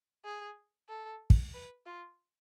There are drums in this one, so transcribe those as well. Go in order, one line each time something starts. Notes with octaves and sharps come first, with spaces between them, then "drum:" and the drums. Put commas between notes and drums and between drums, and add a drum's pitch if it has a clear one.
G#4
A4
drum: kick
B4
F4